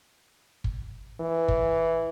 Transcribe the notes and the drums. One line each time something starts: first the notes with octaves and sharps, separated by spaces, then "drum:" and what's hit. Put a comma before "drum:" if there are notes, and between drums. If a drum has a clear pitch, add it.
drum: kick
E3
drum: kick